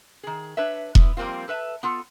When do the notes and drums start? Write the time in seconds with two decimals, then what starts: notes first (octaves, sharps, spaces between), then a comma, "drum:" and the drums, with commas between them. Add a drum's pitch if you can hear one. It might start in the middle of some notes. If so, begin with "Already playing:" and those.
0.23 D#3 G#4
0.57 D4 B4 C#5 E5
0.95 B3 E4, drum: kick E1
1.17 F2 G3 A#3 C4 F4
1.48 A4 B4 E5 A5
1.83 B3 F4 A4